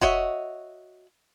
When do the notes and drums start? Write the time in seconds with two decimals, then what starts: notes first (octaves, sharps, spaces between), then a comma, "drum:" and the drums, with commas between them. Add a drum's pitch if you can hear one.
0.01 F#4 C#5 D#5 E5, drum: kick E1